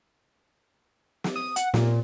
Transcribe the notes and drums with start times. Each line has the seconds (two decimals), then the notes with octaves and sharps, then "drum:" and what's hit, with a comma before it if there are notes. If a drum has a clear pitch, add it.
1.24 drum: snare
1.36 D#6
1.56 F#5, drum: hi-hat
1.74 A#2, drum: snare